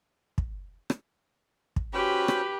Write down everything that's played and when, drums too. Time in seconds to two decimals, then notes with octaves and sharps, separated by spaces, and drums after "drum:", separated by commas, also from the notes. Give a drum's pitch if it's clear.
0.38 drum: kick
0.90 drum: rim click
1.76 drum: kick
1.94 C#4 F#4 G4 B4 C5 G5
2.28 drum: rim click